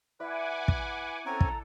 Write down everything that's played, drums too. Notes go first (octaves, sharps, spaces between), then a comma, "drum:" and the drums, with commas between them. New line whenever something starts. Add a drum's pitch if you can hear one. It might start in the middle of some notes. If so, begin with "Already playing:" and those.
E4 B4 D5 F#5 G#5 D6
drum: kick
C4 C#4 A4 G#5 A#5
drum: kick